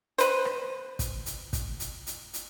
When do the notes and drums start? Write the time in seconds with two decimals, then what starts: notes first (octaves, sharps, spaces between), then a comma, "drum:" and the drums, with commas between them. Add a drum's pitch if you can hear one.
0.18 B4 C5, drum: hi-hat
0.45 drum: rim click
0.99 drum: kick, hi-hat
1.26 drum: hi-hat
1.53 drum: kick, hi-hat
1.80 drum: hi-hat
2.07 drum: hi-hat
2.33 drum: hi-hat